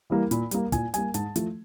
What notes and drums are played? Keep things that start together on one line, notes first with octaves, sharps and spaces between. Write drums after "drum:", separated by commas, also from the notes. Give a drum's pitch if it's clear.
E3 G3 A#3
A#2 B5, drum: hi-hat
G3 A#3, drum: hi-hat
A#2 G#5, drum: kick, hi-hat
G3 A#3 G#5, drum: hi-hat
G#2 A5, drum: hi-hat
F3 A3, drum: hi-hat